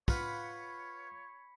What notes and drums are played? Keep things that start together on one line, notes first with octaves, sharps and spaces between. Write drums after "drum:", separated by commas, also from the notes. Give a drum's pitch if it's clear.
F4 B4 C#5 F5 F#5 B5 B6 C#7, drum: kick